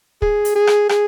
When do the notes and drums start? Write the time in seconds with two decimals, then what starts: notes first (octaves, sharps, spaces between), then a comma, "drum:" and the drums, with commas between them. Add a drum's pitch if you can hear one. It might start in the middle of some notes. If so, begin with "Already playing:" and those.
0.22 G#4, drum: kick
0.45 drum: hi-hat
0.56 G#4
0.67 drum: rim click
0.89 G#4, drum: rim click